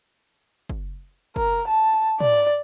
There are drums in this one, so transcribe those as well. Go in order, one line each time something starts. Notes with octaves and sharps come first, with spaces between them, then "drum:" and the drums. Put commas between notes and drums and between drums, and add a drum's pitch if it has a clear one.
drum: kick
A#4, drum: kick
A5
D5, drum: tom